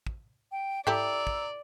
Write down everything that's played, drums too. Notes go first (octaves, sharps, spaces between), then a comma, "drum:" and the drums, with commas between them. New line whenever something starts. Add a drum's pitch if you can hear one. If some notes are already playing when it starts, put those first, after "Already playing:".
drum: kick
G5
E4 G4 A4 D5 A#5 E6, drum: tom G#2
drum: kick